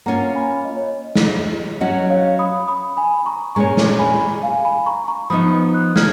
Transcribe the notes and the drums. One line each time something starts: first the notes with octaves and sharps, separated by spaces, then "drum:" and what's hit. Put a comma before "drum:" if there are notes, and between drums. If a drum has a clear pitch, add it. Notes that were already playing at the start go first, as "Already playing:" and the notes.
A#3 C#4 F4 F#5 A#5
G#5 B5
D#5
C#5
D#5
drum: snare
F#3 C#4 F#4 D#5 F#5
C#5 F5
B5 D#6
B5 D#6
G#5 B5
A#5 C#6
A#2 G#3 C#4 G#4 C#5 A#5 C#6
drum: snare
G#5 B5
F5 G#5
G#5 B5
A#5 C#6
A#5 C#6
F3 B3 D#4 B5 D#6
D#6 F#6
F6 G#6, drum: snare